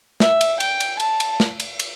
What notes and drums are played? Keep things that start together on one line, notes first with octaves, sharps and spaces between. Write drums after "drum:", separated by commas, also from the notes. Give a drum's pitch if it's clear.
E5, drum: snare
drum: cymbal
G5, drum: cymbal
drum: cymbal
A5, drum: cymbal
drum: cymbal
drum: snare
drum: cymbal
drum: cymbal